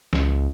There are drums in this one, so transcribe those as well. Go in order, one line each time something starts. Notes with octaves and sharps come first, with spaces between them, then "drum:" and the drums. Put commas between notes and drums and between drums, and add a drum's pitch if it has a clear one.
C#2, drum: snare